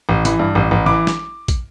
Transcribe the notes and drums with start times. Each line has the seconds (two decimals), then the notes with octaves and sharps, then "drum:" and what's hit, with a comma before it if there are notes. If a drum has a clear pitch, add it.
0.09 A1
0.25 E3, drum: hi-hat
0.39 G2
0.55 A1
0.71 A1
0.86 E3 D6
1.07 drum: snare
1.48 drum: kick, hi-hat